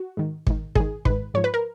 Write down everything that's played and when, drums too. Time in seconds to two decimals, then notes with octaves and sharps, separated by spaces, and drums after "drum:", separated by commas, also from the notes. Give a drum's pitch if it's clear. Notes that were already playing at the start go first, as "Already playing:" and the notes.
Already playing: F#4
0.17 G#2 D#3
0.47 G#2 D#3, drum: kick
0.75 G#2 D#3 G#4, drum: kick
1.05 G#2 D#3 B4, drum: kick
1.34 G#2 F3 C#5
1.44 B4
1.54 A#4